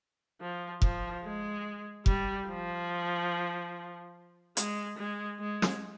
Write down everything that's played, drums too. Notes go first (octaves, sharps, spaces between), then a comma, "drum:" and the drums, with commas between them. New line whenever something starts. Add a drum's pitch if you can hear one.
F3
F3, drum: kick F1
G#3
G3, drum: kick F1
F3
G#3, drum: hi-hat
G#3
G#3
drum: snare